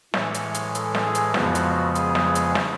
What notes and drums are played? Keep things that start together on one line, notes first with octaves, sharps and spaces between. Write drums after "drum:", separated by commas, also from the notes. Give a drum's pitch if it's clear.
A2 E3 G#3 C#5, drum: snare
drum: hi-hat
drum: hi-hat
A4, drum: hi-hat
drum: snare
G#4
drum: hi-hat
F2 C#3 F3 G#3 B3 F#4, drum: snare
drum: hi-hat
G#4, drum: hi-hat
drum: snare
G#4
drum: hi-hat
drum: snare